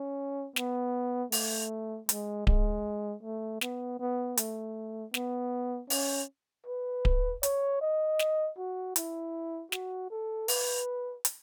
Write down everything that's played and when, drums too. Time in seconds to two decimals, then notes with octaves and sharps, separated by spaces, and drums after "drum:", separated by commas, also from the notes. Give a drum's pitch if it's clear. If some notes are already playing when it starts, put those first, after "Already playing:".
Already playing: C#4
0.56 B3, drum: snare
1.32 A3, drum: open hi-hat
2.09 G#3, drum: hi-hat
2.47 G#3, drum: kick D1
3.23 A3
3.61 B3, drum: snare
4.00 B3
4.37 A3, drum: hi-hat
5.14 B3, drum: snare
5.90 C#4, drum: open hi-hat
6.67 B4
7.05 drum: kick D1
7.43 C#5, drum: hi-hat
7.81 D#5
8.19 drum: snare
8.58 F#4
8.96 E4, drum: hi-hat
9.72 F#4, drum: snare
10.10 A4
10.48 B4, drum: open hi-hat
11.25 drum: hi-hat